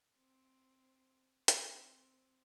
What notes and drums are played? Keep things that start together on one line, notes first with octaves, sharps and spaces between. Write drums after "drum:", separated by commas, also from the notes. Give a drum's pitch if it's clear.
C4
C4, drum: hi-hat